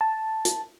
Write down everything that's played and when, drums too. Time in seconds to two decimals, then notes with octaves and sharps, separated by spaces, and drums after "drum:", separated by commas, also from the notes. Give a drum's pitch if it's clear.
0.01 A5
0.45 drum: hi-hat